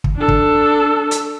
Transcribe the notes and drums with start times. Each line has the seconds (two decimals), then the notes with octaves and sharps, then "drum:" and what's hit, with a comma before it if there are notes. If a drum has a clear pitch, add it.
0.04 drum: kick
0.17 D4 A4
0.28 drum: kick
1.11 drum: hi-hat